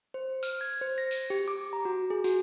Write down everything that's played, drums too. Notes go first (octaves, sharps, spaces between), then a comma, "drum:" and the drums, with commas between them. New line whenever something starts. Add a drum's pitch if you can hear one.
C5
F6, drum: tambourine
G#6
C5
A#6
drum: tambourine
G4
D6
A#5
F#4
G#4
F#4, drum: tambourine